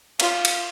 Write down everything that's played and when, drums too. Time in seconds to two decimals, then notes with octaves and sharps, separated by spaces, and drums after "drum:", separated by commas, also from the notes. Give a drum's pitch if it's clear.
0.20 F4, drum: cymbal
0.45 drum: cymbal